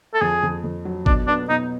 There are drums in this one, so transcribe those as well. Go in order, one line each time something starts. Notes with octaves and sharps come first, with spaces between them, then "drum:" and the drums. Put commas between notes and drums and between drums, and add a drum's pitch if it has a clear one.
A4
F2 G#4
F2
F2
F#3
B2 D4, drum: kick
B3 D4
B2 D#4